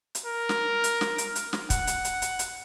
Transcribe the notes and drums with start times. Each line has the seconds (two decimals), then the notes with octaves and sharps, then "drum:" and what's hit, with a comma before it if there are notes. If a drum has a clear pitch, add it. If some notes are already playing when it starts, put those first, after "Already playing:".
0.15 drum: hi-hat
0.26 A#4
0.49 drum: snare
0.84 drum: hi-hat
1.01 drum: snare
1.18 drum: hi-hat
1.35 drum: hi-hat
1.53 drum: snare
1.70 F#5, drum: kick, hi-hat
1.87 drum: hi-hat
2.05 drum: hi-hat
2.22 drum: hi-hat
2.39 drum: hi-hat